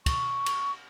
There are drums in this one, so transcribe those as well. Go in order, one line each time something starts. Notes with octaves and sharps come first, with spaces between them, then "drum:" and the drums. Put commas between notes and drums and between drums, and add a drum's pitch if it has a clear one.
C#6, drum: kick, cymbal
drum: cymbal